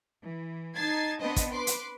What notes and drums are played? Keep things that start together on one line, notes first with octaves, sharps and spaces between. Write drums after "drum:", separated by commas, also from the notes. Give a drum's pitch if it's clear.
E3
D#4 A5 G#6 A6 C7
B3 C4 D4 B4 C5 D#5
drum: kick, hi-hat
B4 C6 D6
drum: hi-hat